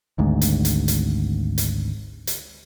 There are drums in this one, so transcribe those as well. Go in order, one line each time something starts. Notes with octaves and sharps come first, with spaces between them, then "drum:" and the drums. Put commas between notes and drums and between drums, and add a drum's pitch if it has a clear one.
G#1 D2 G#2
drum: hi-hat
drum: hi-hat
drum: hi-hat
drum: hi-hat
drum: hi-hat